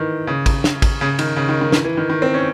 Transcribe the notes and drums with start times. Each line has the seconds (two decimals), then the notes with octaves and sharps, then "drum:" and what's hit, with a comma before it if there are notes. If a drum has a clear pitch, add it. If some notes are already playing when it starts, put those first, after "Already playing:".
Already playing: D#3 E3
0.27 C#3
0.46 drum: kick, cymbal
0.64 drum: snare
0.82 drum: kick, cymbal
1.01 C#3
1.19 D#3, drum: cymbal
1.36 C#3
1.49 D#3
1.61 D#3
1.72 E3, drum: snare
1.85 E3
1.97 D#3
2.09 D#3
2.22 C4
2.34 C#4